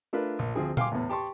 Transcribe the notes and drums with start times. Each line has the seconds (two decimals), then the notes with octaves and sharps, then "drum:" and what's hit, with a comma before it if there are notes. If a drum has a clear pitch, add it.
0.13 A3 D4 F4 A#4 B4
0.39 A#1
0.55 D2 F3 C4 G#4
0.77 F5 G5 G#5 C6 D6, drum: tom A#2
0.92 E2 A2
1.09 G4 A5 C6 C#6